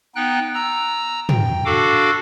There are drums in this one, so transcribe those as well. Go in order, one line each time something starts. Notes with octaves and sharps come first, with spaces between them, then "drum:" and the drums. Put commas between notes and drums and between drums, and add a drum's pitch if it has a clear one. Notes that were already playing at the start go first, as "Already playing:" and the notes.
B3 D#4 G5 F#6
A#5 E6
G5, drum: tom
D4 F#4 A4 F5 D6